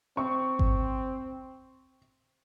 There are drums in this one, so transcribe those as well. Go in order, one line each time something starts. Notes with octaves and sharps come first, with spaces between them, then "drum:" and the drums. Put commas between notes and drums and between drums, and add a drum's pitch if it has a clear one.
C4 C#6
drum: kick G#1